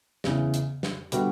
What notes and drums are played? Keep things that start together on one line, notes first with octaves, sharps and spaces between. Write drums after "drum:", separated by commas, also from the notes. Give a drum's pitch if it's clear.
E2 C#3 E3, drum: snare
drum: hi-hat
drum: snare
D3 G3 B3 F#4, drum: hi-hat